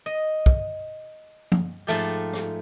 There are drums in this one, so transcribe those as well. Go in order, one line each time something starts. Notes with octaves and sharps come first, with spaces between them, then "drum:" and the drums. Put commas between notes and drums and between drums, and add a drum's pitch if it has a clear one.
D#5
drum: kick
drum: tom F3
G#2 F3 A3 G4
drum: rim click